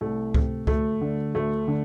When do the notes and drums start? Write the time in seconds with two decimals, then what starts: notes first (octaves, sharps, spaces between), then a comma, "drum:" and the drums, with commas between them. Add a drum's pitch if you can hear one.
0.01 C2 A3
0.34 C3, drum: kick C#2
0.67 D2 A3, drum: kick C#2
1.01 D3
1.35 D2 A3
1.68 D3